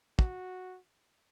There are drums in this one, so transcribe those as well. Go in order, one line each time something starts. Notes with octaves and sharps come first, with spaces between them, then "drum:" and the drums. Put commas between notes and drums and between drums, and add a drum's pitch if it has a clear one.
F#4, drum: kick